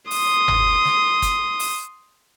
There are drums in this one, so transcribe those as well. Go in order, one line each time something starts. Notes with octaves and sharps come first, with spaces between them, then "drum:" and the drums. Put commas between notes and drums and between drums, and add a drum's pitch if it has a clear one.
C6 D#6, drum: open hi-hat
drum: tom G1
drum: snare
drum: kick, hi-hat
drum: open hi-hat